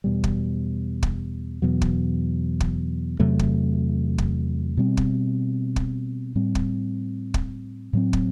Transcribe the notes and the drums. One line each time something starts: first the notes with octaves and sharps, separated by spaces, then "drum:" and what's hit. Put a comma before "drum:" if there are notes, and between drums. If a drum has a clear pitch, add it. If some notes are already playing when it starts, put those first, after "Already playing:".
E2 B2 G3
drum: kick
drum: kick
E2 B2 F#3
drum: kick
drum: kick
E2 C3 F#3 A3
drum: kick
drum: kick
B2 G3 C4
drum: kick
drum: kick
A2 G3 C4
drum: kick
drum: kick
A2 F#3 C4
drum: kick